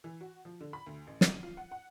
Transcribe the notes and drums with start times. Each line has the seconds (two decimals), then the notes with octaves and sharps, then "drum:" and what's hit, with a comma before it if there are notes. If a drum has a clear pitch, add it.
0.04 E3
0.21 F#4
0.45 F3
0.61 D3
0.73 B5
0.87 D2
1.07 A1
1.21 D#7, drum: snare
1.43 F4
1.57 F#5
1.71 F#5